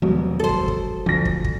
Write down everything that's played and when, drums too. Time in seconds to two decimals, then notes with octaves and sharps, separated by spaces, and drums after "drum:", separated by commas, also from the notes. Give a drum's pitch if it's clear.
0.02 D#1 B2 F3 F#3 G#3 F#4
0.40 A4 C5
0.49 drum: kick
0.68 drum: kick
1.06 D2 D3 F3 A#6
1.25 drum: kick
1.44 drum: kick